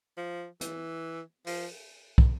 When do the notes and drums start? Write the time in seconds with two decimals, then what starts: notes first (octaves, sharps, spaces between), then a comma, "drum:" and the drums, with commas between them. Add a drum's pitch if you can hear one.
0.17 F3
0.61 E3, drum: hi-hat
1.47 F3, drum: open hi-hat
2.18 drum: kick